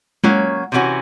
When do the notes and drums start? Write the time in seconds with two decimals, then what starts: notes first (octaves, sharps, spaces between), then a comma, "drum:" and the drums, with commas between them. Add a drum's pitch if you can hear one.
0.24 F#3 A#3 C#4, drum: tom G#3
0.72 C3 E3 A3 C#4 F#4